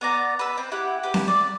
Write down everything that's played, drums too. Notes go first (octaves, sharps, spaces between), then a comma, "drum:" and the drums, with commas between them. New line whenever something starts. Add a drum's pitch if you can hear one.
B3 D5 A#5
B4 E6
C4
E4 G4 F#5
G4 B4
drum: snare C4
D5